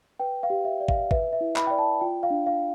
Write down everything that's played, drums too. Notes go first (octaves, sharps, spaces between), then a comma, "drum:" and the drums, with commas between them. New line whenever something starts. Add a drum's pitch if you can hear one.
B4 G5
F5
G4
E5
D5
F5, drum: kick
B4 E5, drum: kick
E5
E4
B5, drum: clap
D5 G5
A5
F4 G5
F5
D4
F5